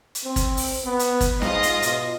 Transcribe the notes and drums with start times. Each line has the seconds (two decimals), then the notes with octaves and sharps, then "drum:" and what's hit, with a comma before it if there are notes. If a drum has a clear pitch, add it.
0.15 drum: hi-hat
0.24 C4
0.36 drum: kick, hi-hat
0.57 drum: open hi-hat
0.84 B3
0.99 drum: hi-hat
1.21 drum: kick, hi-hat
1.42 G#2 F4 D#5, drum: snare
1.63 drum: hi-hat
1.82 B2, drum: hi-hat